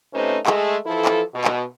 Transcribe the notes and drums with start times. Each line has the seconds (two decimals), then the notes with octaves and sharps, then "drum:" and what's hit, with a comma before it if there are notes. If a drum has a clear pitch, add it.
0.14 C3 A3 C#4 D#4 B4 C5
0.46 G#3 A3, drum: clap
0.85 E3 F3 E4 A4
1.05 drum: clap
1.35 B2
1.45 drum: clap